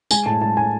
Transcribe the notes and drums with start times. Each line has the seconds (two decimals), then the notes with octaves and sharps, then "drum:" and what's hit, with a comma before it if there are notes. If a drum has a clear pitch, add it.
0.11 G#3 G#5, drum: tambourine
0.26 A2 A5
0.42 G#3 A5
0.57 A2 G#5